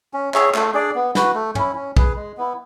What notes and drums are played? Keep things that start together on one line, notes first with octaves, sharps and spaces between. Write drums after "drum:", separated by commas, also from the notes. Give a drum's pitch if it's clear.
C#4
G#4 C#5 E5, drum: clap
A3, drum: clap
D4 G#4 D5
B3
F#4 B4, drum: snare
A3
C#4 E4, drum: tom
C#4
G#4 B4, drum: kick
G#3
B3 E4